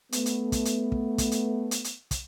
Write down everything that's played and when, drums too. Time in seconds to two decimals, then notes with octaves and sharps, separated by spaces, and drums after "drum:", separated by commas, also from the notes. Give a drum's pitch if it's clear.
0.12 A3 B3, drum: hi-hat
0.26 drum: hi-hat
0.52 drum: kick, hi-hat
0.65 drum: hi-hat
0.92 drum: kick
1.18 drum: kick, hi-hat
1.31 drum: hi-hat
1.71 drum: hi-hat
1.84 drum: hi-hat
2.11 drum: kick, hi-hat